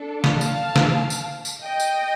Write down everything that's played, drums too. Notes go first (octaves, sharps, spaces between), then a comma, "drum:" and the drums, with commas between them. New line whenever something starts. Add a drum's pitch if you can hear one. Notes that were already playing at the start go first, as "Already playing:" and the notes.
Already playing: D4 A4
F5 A5, drum: snare
drum: tambourine
drum: snare
drum: tambourine
drum: tambourine
D#5 G5
drum: tambourine